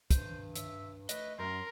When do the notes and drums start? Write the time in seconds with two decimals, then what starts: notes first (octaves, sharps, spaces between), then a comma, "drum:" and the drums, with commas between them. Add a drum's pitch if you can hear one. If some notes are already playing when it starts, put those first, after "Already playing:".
0.11 G2 C5, drum: kick, hi-hat
0.56 E5, drum: hi-hat
1.09 A3 B4 D#5, drum: hi-hat
1.39 F#2 A#4 C6